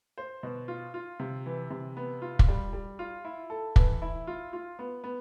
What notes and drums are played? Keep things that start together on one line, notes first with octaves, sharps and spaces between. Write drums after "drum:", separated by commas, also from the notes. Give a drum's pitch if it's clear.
C5
B2
F4
F4
C3
E3
C3
B3
F4
drum: kick
G3
G3
F4
E4
A4
E3, drum: kick
E4
F4
F4
B3
B3